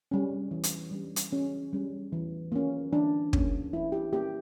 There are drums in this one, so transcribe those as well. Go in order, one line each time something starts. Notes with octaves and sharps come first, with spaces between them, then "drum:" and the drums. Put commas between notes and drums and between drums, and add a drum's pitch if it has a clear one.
G3 C#4
E3
drum: hi-hat
G3 C#4
drum: hi-hat
E3 C#4
G3 C#4
E3
A#3 C#4
E3 D4
A#3 C#4, drum: kick
E3 E4
G4
A#3 C#4 G4